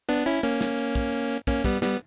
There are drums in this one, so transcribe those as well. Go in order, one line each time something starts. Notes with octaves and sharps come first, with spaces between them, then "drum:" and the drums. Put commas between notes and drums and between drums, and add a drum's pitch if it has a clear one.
B3 D4
C#4 E4
A#3 C#4, drum: hi-hat
drum: snare
drum: hi-hat
drum: kick
drum: hi-hat
drum: hi-hat
A#3 C#4, drum: kick, hi-hat
G3 B3, drum: kick, hi-hat
G3 B3, drum: snare